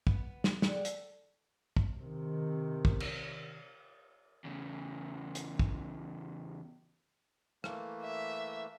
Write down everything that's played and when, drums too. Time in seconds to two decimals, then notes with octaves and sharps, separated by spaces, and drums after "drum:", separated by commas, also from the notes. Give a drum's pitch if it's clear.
0.07 B3, drum: kick
0.44 drum: snare
0.62 D3 G4 G#4, drum: snare
0.85 A4, drum: hi-hat
1.76 drum: kick
1.96 C3 D#3
2.85 drum: kick
3.00 drum: cymbal
4.44 E2 C#3
5.35 drum: hi-hat
5.59 drum: kick
7.64 E3 A3 A#3, drum: rim click
8.03 E5